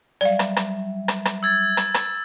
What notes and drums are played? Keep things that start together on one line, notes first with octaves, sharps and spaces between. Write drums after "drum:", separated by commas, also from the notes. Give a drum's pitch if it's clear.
F#3 G3 D5 E5 F5
drum: rim click
drum: rim click
drum: rim click
drum: rim click
E6 G#6 A6
drum: rim click
drum: rim click